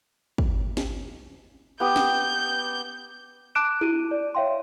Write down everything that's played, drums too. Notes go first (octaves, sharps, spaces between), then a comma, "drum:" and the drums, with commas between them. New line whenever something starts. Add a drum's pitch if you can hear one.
drum: kick
drum: snare
B3 G4 D#6 G6
drum: snare
A5 D6 F#6 D7 E7
E4 D#7, drum: tom
D5
C#5 E5 F5 G5 C6